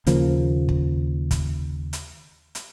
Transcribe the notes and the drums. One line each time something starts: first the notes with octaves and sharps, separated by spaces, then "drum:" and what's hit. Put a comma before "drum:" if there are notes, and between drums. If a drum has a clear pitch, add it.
D#2 C#3 F3 A#3, drum: hi-hat
drum: kick
drum: kick, hi-hat
drum: hi-hat
drum: hi-hat